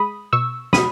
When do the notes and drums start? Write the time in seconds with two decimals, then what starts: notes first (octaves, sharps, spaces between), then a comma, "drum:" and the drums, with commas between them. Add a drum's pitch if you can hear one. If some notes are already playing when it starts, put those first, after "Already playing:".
Already playing: G#3 B5 D#6
0.33 B2 C#6 E6
0.73 B2 B5 D#6, drum: snare